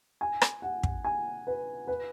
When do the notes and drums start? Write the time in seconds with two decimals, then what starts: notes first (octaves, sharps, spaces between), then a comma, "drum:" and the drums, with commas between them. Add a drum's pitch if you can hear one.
0.21 G#5
0.42 drum: rim click
0.62 F#5
0.83 drum: kick
1.05 G#5
1.47 B4
1.88 B4